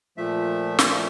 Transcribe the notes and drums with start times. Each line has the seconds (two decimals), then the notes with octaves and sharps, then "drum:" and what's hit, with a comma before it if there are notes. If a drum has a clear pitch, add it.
0.17 A#2 F3 A3 E5
0.79 drum: snare
0.89 E5